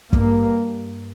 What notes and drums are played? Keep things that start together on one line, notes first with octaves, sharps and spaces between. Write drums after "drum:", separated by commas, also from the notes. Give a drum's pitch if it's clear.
G2 A#3, drum: kick